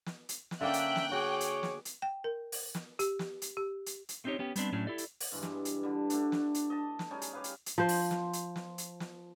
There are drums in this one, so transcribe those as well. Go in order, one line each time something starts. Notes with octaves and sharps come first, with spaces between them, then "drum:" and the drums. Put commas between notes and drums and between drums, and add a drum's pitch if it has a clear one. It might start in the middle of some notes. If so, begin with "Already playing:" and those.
drum: snare
drum: hi-hat
drum: snare
D3 A#3 C#4 D4 E5 G5 F#6
drum: hi-hat
drum: snare
F#4 G#4 C#5 D6
drum: hi-hat
drum: snare
drum: hi-hat
G5
A#4
drum: open hi-hat
drum: snare
G4, drum: hi-hat
drum: snare
drum: hi-hat
G4
drum: hi-hat
drum: hi-hat
A3 C4 C#4 D#4 G4 C#5
B3 C#4 G4
G3 B3 C4 D4, drum: hi-hat
A2 F#3 C#4 D4
E4 G4 A4 D5
drum: hi-hat
drum: open hi-hat
G2 E3 G#3
drum: snare
drum: hi-hat
D3 G3
D3 A3 D4, drum: hi-hat
drum: snare
drum: hi-hat
D#5 A5
drum: snare
G3 C#4 D#4 G#4
drum: hi-hat
G4 B4 F5
drum: hi-hat
drum: hi-hat
F3 C5
drum: open hi-hat
drum: snare
drum: hi-hat
drum: snare
drum: hi-hat
drum: snare